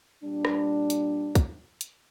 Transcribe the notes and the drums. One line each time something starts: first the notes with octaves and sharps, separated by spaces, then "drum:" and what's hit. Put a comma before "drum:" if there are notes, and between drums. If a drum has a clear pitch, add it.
A#2 G3 D4
drum: rim click
drum: hi-hat
drum: kick, hi-hat
drum: hi-hat